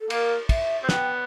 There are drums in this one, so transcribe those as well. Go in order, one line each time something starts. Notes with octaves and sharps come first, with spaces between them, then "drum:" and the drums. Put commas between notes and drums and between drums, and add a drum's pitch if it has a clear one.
A4
A#3 A#4, drum: cymbal
E5, drum: kick, cymbal
C4
B3 G5, drum: snare